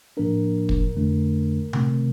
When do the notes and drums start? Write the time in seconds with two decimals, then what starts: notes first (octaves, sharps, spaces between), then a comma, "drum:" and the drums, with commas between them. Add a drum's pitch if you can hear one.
0.17 A2 F3 A#3 D4 A#4
0.69 drum: kick
0.95 F2 D3 A3 D4
1.73 C3 D#3 A3 C4, drum: tom C3